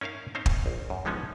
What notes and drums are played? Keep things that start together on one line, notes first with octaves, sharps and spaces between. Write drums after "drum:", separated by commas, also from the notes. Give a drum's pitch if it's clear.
C#4 D#4 A#4 E5 F5
C4 C#4 D#4 C5 F5
drum: kick
A#1
F#2
D3 F3 G#3 B3 C#4 D#4